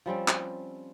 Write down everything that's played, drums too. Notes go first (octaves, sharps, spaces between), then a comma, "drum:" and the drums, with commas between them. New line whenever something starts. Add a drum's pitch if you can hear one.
F3 G3 C4 C#4
drum: clap